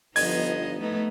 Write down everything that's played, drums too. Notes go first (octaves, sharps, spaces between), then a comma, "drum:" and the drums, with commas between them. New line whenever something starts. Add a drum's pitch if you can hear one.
G1 F3 B3 D#4 D#5 G#6, drum: open hi-hat
A3 B3 D#4